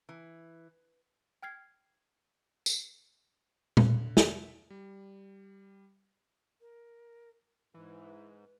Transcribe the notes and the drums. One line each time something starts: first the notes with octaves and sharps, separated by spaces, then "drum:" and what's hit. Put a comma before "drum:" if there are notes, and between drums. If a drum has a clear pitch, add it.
E3
G5 F6 G#6 C7
drum: tambourine
D3, drum: tom A#2
E5, drum: snare
G3
A#4
G#2 E3 B4